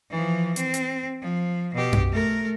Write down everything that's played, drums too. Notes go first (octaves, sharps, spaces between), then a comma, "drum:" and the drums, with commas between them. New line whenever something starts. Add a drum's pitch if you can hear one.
E3 F3
C4, drum: hi-hat
drum: hi-hat
F3
B2 G4
drum: tom F#2
A3 A#4